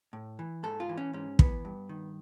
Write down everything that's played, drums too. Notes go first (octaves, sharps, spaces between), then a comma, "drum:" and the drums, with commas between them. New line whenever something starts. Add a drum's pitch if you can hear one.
A2
E3
G#2 A4
F4
E3
C#4
G#2 C#4
E3 B3, drum: kick
G2
D#3